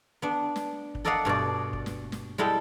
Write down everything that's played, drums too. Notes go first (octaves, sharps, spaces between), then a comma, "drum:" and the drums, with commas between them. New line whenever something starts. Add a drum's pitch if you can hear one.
B3 D4
drum: snare
drum: kick
A4 A#4 D5 D#5 F5 F#5
G2 B2 A#4 D5
drum: kick
drum: snare
drum: snare
G3 G#3 E4 A4 D#5 G5